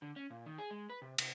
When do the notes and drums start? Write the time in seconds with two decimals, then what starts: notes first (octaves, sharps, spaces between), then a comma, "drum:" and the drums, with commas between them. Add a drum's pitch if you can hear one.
0.02 D3
0.16 C#4
0.30 A#2
0.46 D#3
0.58 G#4
0.71 G#3
0.89 B4
1.02 C3
1.18 C3, drum: cymbal